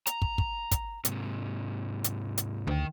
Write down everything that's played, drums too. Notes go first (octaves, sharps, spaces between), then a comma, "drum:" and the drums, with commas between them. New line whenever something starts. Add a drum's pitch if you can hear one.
A#5, drum: hi-hat
drum: kick
drum: kick
drum: kick, hi-hat
G#2 C3, drum: hi-hat
drum: hi-hat
drum: hi-hat
D2 D#3 G5